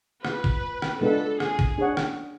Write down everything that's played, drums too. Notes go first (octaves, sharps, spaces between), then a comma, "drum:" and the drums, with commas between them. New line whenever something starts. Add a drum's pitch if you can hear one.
A3 F4 G#4 B4, drum: rim click
drum: kick G1
drum: rim click
G#3 B3 D4 F4 A4 B4
G#4, drum: rim click
drum: kick G1
D4 G#4 C#5 F#5
drum: rim click